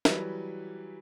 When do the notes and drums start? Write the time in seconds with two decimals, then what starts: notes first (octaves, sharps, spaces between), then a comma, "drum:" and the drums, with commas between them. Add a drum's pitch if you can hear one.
0.05 E3 F#3 G3 B4, drum: snare